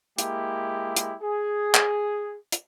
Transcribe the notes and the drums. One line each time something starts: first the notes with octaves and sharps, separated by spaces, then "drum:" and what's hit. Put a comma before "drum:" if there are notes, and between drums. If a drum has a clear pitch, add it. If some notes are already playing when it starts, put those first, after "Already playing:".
G#3 A#3 E4 G4, drum: hi-hat
drum: hi-hat
G#4
drum: clap
drum: hi-hat